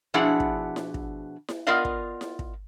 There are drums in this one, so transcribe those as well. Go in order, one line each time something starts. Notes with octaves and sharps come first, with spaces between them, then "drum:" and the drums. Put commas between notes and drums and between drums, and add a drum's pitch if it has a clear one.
B2 F3 D4 E4 G#4 F#5
drum: kick
drum: snare E4
drum: kick
drum: snare E4
B3 F4 A#4 D5 D#5 F5
drum: kick
drum: snare E4
drum: kick